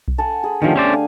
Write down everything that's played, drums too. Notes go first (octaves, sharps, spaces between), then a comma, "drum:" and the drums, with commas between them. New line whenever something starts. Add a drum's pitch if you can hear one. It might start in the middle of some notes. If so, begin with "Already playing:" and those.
drum: kick B1
F#5 G#5 A5
G#4 B5
D3 D#3 F3 A3 G4
C#4 C5 D5
F5 G#5